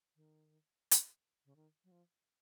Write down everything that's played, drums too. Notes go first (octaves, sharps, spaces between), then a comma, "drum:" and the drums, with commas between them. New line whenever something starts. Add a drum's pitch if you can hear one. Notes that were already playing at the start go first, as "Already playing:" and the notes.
D#3
drum: hi-hat
C#3
D#3
F#3
F3